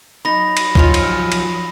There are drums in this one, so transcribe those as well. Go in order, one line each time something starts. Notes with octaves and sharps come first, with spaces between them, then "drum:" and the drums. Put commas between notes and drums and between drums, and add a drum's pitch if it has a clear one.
F#3 D#4 B5 A#6
drum: cymbal
F3 C#4 D#4 F4 C#5, drum: kick B1
drum: cymbal
drum: cymbal